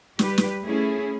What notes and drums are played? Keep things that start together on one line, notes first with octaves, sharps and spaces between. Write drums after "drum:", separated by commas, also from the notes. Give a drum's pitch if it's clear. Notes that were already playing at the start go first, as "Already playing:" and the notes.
G3 G4 B4, drum: snare
drum: snare
A3 C#4 E4 G#4